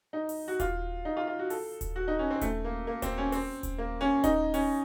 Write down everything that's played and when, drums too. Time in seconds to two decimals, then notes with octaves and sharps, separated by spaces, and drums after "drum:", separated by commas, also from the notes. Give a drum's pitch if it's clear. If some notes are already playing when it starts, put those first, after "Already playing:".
0.13 D#4
0.29 drum: open hi-hat
0.48 F#4
0.60 F4, drum: kick D#1, hi-hat
1.05 D#4
1.17 F4
1.27 F4
1.39 F#4
1.50 A4, drum: open hi-hat
1.81 drum: kick D#1, hi-hat
1.96 F#4
2.08 D#4
2.19 C#4
2.31 C4
2.41 A3, drum: kick D#1, hi-hat
2.64 A#3
2.87 A#3
3.02 C4, drum: kick D#1, hi-hat
3.18 C#4
3.32 C4, drum: open hi-hat
3.63 drum: kick D#1, hi-hat
3.78 A#3
4.01 C#4
4.24 D#4, drum: kick D#1, hi-hat
4.54 C#4, drum: open hi-hat